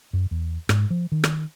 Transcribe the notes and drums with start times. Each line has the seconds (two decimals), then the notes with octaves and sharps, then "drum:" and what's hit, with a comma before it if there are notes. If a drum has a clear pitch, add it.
0.13 F#2
0.31 E2
0.69 G#2, drum: rim click
0.90 F3
1.12 D#3
1.24 drum: rim click